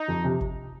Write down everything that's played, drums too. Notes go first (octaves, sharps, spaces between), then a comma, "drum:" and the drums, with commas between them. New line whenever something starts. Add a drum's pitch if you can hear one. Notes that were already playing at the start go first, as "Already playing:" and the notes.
Already playing: D#4
F2
C3
drum: kick G1